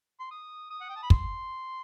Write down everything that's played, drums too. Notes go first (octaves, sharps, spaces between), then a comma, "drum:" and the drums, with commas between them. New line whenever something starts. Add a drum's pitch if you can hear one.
C6
D#6
D#6
F#5
G5
A5
B5
C6, drum: kick